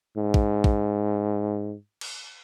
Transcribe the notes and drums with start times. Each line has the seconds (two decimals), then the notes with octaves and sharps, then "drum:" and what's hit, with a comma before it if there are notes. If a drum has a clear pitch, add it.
0.17 G#2
0.34 drum: kick
0.64 drum: kick
2.01 drum: cymbal